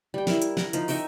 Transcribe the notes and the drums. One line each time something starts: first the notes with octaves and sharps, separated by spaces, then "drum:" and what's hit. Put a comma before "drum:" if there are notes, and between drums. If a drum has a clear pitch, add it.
G3 G5
E4 A#4, drum: snare
drum: hi-hat
A#4 F#5, drum: snare
F3 D#4, drum: hi-hat
D#4 E5 G5 C#6, drum: open hi-hat